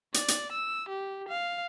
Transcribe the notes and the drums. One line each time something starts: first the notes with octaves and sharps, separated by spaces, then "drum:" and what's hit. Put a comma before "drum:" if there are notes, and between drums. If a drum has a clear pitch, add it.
D5, drum: hi-hat
drum: hi-hat
E6
G4
F5